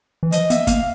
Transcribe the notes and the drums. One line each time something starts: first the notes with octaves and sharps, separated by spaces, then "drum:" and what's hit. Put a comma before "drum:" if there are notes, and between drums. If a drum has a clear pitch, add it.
E3
F3 D#5, drum: hi-hat
B3 E5, drum: hi-hat
A#3 F5, drum: kick, hi-hat